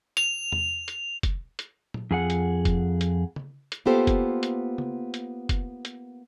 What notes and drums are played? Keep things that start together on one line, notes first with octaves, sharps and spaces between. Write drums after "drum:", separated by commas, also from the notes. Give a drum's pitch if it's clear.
F7, drum: hi-hat
drum: tom E2
drum: hi-hat
drum: kick, hi-hat
drum: hi-hat
drum: tom A#2
F2 G#4 F#5
drum: hi-hat
drum: kick, hi-hat
drum: hi-hat
drum: tom
drum: hi-hat
A#3 B3 F4 G4 A4 C5
drum: kick, hi-hat
drum: hi-hat
drum: tom
drum: hi-hat
drum: kick, hi-hat
drum: hi-hat